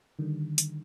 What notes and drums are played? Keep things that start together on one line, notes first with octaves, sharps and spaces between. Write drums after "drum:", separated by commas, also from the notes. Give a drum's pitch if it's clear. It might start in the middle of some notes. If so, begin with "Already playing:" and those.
D3 D#3 G3
drum: hi-hat